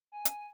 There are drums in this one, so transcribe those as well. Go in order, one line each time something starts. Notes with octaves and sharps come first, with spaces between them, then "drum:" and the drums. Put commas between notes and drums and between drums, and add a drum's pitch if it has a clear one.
G#5
drum: hi-hat